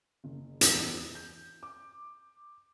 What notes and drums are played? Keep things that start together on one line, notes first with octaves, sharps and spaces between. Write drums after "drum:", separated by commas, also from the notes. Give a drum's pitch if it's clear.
F#1
drum: hi-hat
E2
G6
D6